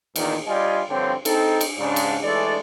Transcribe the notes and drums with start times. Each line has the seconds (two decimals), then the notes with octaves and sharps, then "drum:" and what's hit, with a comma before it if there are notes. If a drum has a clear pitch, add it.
0.16 E2 A#2 D#3, drum: cymbal
0.47 G3 F4 G4 D5 D#5 G#5
0.89 G2 D3 F3 C4 C#5 G5
1.25 C4 D#4 A4, drum: cymbal
1.61 drum: cymbal
1.78 G#2 C#3 D4
1.96 drum: cymbal
2.23 E3 G#3 A3 A4 D5